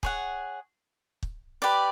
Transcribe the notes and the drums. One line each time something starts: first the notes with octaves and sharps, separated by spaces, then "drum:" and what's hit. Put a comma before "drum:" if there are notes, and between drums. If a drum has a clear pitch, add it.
G#4 C#5 F#5, drum: kick
drum: kick
G4 B4 D5